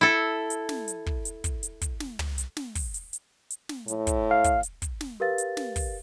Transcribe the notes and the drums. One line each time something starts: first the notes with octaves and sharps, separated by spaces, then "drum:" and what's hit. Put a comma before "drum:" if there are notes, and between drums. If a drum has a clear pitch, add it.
E4 A4
drum: hi-hat
drum: snare
drum: hi-hat
drum: kick
drum: hi-hat
drum: kick, hi-hat
drum: hi-hat
drum: kick, hi-hat
drum: snare
drum: tom
drum: hi-hat
drum: snare
drum: kick, open hi-hat
drum: hi-hat
drum: hi-hat
drum: hi-hat
drum: snare
A2, drum: hi-hat
drum: kick, hi-hat
F5
drum: kick, hi-hat
drum: hi-hat
drum: kick, hi-hat
drum: snare
G4 A#4 B4 F5 A6
drum: hi-hat
drum: snare
drum: kick, open hi-hat